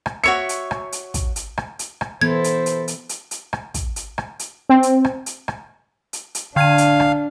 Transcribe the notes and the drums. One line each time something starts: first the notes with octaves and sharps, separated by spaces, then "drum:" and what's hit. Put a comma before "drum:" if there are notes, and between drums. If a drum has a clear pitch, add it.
drum: rim click
F#4 C#5 E5 C#7
drum: hi-hat
drum: rim click
drum: hi-hat
drum: kick, hi-hat
drum: hi-hat
drum: rim click
drum: hi-hat
drum: rim click
E3 B3 E4 A4 C5 G#6
drum: hi-hat
drum: hi-hat
drum: hi-hat
drum: hi-hat
drum: hi-hat
drum: rim click
drum: kick, hi-hat
drum: hi-hat
drum: rim click
drum: hi-hat
C4
drum: hi-hat
drum: rim click
drum: hi-hat
drum: rim click
drum: hi-hat
drum: hi-hat
D3 D4 F5 G#6 D#7
drum: hi-hat
drum: rim click